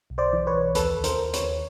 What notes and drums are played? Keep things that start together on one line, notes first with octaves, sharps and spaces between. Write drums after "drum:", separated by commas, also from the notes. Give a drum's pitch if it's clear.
B1
C5 D5
E3
B4 C#5
B1
D#2 A4 B4, drum: hi-hat
D#2
A#4 C5, drum: hi-hat
D#2
B4 C#5, drum: hi-hat
D#2